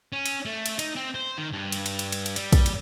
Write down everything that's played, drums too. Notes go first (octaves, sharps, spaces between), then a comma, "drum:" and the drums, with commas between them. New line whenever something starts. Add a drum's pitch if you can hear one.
C#4
drum: cymbal
A3
drum: cymbal
D#4, drum: cymbal
C4
C5
D#3
G2
drum: cymbal
drum: cymbal
drum: cymbal
drum: cymbal
drum: cymbal
G3, drum: cymbal
drum: kick, cymbal
drum: cymbal